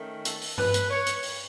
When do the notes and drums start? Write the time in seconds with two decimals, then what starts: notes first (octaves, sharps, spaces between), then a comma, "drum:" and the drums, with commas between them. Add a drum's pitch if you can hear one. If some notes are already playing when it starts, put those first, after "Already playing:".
Already playing: D#3 A3 C#4
0.25 A4, drum: hi-hat
0.41 drum: open hi-hat
0.58 B4, drum: tom G2
0.74 drum: hi-hat
0.90 C#5
1.06 drum: hi-hat
1.23 drum: open hi-hat